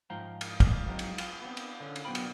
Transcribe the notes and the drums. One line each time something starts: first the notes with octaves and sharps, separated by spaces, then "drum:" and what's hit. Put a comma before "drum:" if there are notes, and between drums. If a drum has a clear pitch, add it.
G#2 F3 F5 G5 A#5
drum: cymbal
drum: kick, cymbal
F#3 G#3 B3 C4 D#4
drum: cymbal
F4 G#4, drum: cymbal
B3 C4
drum: cymbal
D3 C#4
drum: cymbal
B1 B3 F#4 C5 G5 B5
drum: cymbal